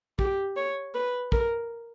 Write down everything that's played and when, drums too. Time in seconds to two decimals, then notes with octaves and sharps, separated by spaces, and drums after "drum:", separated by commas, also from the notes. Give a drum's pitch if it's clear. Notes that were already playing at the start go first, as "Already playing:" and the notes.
0.19 G4, drum: kick
0.57 C#5
0.95 B4
1.32 A#4, drum: kick